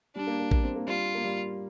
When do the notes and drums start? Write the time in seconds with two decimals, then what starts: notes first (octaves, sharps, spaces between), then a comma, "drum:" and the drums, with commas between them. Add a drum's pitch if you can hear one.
0.16 G3 D4
0.27 A#3
0.40 A#3
0.51 A#3, drum: kick A1
0.64 C4
0.76 A#3
0.87 G3 F4
1.15 A#3
1.24 G3